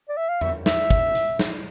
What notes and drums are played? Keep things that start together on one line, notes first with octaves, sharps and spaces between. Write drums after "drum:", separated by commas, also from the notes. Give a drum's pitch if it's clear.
D5
E5
F5
E5, drum: tom E2
E5, drum: snare
drum: kick, hi-hat
drum: hi-hat
drum: snare